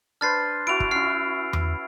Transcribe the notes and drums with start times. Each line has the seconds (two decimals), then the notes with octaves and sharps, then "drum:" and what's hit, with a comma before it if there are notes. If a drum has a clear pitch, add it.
0.21 D4 B4 C5 F6 A6 C7
0.67 E4 F#4 D7 F7
0.80 drum: kick
0.91 C#4 E4 F6 C7
1.53 drum: tom E2